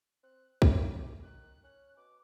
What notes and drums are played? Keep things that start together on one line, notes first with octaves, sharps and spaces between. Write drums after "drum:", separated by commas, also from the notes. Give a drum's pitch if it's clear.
C4 F#6
C#4 D6, drum: kick
D#3 F#6
C#4 F#6
B2 D6